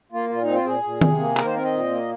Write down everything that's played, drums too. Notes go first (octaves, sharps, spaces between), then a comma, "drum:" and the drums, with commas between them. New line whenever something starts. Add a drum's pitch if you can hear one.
A#3 F4
A#2 F4
D#4
C4
F4
A#2 G#4
A#2
C3, drum: tom D#3
A#3
D#3 A#4, drum: clap
C5
C4 A#4
D#5
A#2
A#3